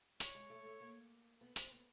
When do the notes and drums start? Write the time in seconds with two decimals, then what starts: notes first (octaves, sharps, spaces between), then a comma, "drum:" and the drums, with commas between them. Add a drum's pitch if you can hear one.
0.20 G3 C#5, drum: hi-hat
0.35 G#3
0.50 A3
0.65 A3
0.81 A#3
1.41 B3
1.56 C4, drum: hi-hat
1.71 B3